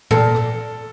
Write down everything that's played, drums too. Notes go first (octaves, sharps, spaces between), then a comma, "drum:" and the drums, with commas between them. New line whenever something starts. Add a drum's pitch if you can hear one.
A#2 A4, drum: tom G#2
drum: rim click